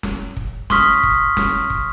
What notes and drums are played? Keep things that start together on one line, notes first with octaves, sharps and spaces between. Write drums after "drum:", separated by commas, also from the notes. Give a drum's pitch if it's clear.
drum: snare
drum: kick
C6 C#6 D#6 F6 B6, drum: snare
drum: kick
drum: snare
drum: kick